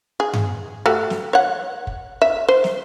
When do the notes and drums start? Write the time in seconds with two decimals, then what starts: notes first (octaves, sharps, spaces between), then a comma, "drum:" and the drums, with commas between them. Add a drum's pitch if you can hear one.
0.20 G#4
0.33 drum: tom G2
0.86 A3 F#4 G4
1.10 drum: snare
1.33 C#5 F#5
1.87 drum: kick
2.22 E5
2.48 C5
2.64 drum: snare